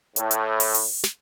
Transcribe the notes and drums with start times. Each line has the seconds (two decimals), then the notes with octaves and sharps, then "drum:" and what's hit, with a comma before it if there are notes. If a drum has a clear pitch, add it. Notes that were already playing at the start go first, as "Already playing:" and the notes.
0.16 A2, drum: hi-hat
0.31 drum: hi-hat
0.60 drum: open hi-hat
0.74 drum: open hi-hat
1.04 drum: snare